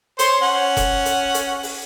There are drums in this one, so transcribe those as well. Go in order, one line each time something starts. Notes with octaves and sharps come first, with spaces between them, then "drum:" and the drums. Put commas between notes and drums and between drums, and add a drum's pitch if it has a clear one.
C5 C#5 C6, drum: hi-hat
C#4 F#5
drum: kick F1, hi-hat
drum: hi-hat
drum: hi-hat
drum: open hi-hat